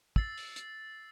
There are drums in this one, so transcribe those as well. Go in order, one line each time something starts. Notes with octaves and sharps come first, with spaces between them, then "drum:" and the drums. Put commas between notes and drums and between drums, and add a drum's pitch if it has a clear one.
E6 A6 C7, drum: kick
drum: open hi-hat
drum: hi-hat